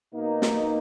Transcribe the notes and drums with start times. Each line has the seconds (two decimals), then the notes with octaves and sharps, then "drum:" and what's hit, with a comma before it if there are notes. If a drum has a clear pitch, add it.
0.13 B2 A#3 D#4
0.42 drum: snare